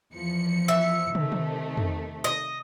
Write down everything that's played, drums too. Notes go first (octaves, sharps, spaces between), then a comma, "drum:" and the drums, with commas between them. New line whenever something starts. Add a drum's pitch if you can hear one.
E2 F3 C#7
E5
C3 D#3 A3, drum: tom
drum: tom
drum: tom
D#5